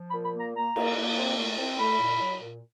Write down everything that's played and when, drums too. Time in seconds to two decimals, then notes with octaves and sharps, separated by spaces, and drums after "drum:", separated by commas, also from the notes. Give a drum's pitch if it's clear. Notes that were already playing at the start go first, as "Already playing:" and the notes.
Already playing: F3
0.09 B5
0.14 A#2
0.23 B5
0.34 A#3
0.40 A#5
0.55 A#3 A#5
0.76 A#3, drum: cymbal
0.96 A#3
1.17 C4
1.38 A3
1.58 C4
1.79 A3 B5
2.00 A#2
2.20 F#3
2.41 A#2